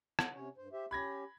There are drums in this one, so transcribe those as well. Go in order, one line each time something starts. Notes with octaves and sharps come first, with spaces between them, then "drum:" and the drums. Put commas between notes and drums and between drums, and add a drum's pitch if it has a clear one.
drum: rim click
C3 C#4 C#5
G2 C5
G4 C5 E5
C#4 G4 B5 G#6 A#6